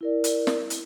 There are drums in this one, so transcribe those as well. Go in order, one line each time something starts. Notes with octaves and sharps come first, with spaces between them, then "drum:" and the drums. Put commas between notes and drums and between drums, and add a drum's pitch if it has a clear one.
E4 A#4 D5
drum: hi-hat
drum: snare
drum: hi-hat